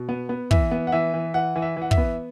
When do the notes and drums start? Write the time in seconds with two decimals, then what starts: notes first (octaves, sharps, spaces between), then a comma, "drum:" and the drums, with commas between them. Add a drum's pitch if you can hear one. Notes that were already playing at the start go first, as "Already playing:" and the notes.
Already playing: B2
0.09 B3
0.29 B3
0.51 E3 E5, drum: kick
0.71 B3
0.87 F#5
0.92 E3 E5
1.14 E3
1.34 E3 F#5
1.56 E3
1.62 E5
1.77 E3
1.82 F#5
1.91 E5, drum: kick
1.97 B3